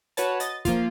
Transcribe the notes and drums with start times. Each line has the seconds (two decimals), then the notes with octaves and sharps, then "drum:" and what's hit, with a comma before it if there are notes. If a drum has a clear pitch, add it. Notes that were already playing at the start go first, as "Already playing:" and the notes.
0.17 F#4 B4 C#5 A5, drum: hi-hat
0.40 D#5 A6, drum: hi-hat
0.65 F3 A#3 F4, drum: kick, hi-hat